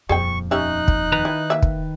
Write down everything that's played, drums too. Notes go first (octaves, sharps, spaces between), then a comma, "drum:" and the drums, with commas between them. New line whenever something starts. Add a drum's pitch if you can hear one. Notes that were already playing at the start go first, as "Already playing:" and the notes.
D#1 F2 G#4 C5 G5 C#6
C#4 D#4 G4 E5 F#6
drum: kick
D#3 B4 A#5
E4
A#3 E5
drum: kick